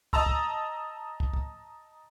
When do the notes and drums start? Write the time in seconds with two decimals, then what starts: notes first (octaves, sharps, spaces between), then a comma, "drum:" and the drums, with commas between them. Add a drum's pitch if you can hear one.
0.13 D#5 A5 A#5 E6, drum: kick
0.26 drum: kick
1.20 drum: kick
1.33 drum: kick